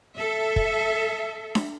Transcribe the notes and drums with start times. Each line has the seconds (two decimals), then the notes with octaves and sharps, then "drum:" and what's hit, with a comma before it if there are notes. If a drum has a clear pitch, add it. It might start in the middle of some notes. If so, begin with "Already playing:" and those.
0.17 A4 E5
0.56 drum: kick
1.55 drum: snare D4